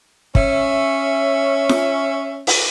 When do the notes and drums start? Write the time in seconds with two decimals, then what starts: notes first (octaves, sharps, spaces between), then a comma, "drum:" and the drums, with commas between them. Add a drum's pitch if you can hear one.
0.35 C#4 E5, drum: kick
1.69 drum: snare
2.47 drum: open hi-hat